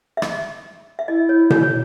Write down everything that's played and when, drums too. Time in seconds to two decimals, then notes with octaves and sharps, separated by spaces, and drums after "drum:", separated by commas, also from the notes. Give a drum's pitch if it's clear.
0.17 E5
0.22 D#5, drum: rim click
0.99 E5
1.08 E4 D#5
1.29 C#5
1.50 C#5, drum: tom B2
1.63 C#5